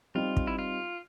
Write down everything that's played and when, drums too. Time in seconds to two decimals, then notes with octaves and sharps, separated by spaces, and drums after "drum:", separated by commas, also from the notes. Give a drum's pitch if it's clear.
0.15 G3 C4 D#4 F4
0.37 drum: kick
0.47 E4
0.59 F4